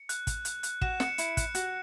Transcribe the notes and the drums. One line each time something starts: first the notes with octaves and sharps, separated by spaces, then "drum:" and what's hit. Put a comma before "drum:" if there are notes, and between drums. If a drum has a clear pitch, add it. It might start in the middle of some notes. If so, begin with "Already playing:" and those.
Already playing: C#7
F#6, drum: hi-hat
F#6, drum: kick, hi-hat
F#6, drum: hi-hat
F#6, drum: hi-hat
F#4 E7, drum: kick
C#7, drum: snare
E4 C#7, drum: hi-hat
F#6, drum: kick, hi-hat
F#4 F#6, drum: hi-hat